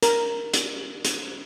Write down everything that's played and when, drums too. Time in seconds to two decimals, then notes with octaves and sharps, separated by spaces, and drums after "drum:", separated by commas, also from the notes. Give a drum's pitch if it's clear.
0.03 A#4, drum: hi-hat
0.54 drum: hi-hat
1.05 drum: hi-hat